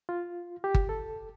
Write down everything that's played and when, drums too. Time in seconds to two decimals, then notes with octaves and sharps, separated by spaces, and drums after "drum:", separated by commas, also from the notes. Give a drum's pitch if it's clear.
0.09 F4
0.64 G4
0.74 drum: kick G1
0.89 A4